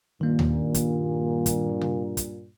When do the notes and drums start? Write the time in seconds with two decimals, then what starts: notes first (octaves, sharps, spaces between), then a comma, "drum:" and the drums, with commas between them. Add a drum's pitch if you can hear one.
0.21 G2 A#2 D#3 A#3
0.39 drum: tom D#2
0.74 drum: kick, hi-hat
1.46 drum: kick, hi-hat
1.81 drum: tom C3
2.17 drum: kick, hi-hat